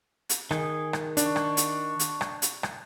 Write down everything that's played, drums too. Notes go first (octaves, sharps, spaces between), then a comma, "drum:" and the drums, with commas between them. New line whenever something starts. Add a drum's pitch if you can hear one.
drum: hi-hat
D#3 G#4, drum: rim click
drum: rim click
D4 C#6, drum: hi-hat
drum: rim click
drum: hi-hat
drum: hi-hat
drum: rim click
drum: hi-hat
drum: rim click